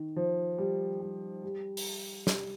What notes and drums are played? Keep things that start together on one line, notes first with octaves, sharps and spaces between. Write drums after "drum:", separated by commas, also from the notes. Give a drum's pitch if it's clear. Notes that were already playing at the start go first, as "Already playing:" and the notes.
Already playing: D#3
F3
G3
G3
G3
drum: open hi-hat
G3, drum: snare